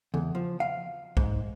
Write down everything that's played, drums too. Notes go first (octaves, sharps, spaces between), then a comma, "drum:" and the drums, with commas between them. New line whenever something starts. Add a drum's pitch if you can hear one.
E2, drum: tom C#3
F3
F5
G#2, drum: kick B1